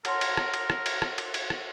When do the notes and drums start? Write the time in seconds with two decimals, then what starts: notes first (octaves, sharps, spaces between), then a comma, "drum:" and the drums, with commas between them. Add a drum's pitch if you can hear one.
0.05 A#4 C#5 F#5 A5 C6, drum: cymbal
0.21 drum: cymbal
0.37 drum: rim click
0.54 drum: cymbal
0.70 drum: rim click
0.86 drum: cymbal
1.02 drum: rim click
1.18 drum: cymbal
1.34 drum: cymbal
1.50 drum: rim click